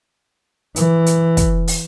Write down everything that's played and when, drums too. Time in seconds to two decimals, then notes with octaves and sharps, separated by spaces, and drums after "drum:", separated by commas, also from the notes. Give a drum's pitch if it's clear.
0.76 E3, drum: hi-hat
1.06 drum: hi-hat
1.37 drum: kick, hi-hat
1.68 drum: open hi-hat